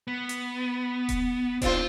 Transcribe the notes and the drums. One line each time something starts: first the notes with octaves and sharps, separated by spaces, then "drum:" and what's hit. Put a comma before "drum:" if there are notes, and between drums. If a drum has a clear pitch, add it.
B3
drum: hi-hat
drum: kick D#1, hi-hat
C4 D4 D#4 F4 C5, drum: kick D#1, hi-hat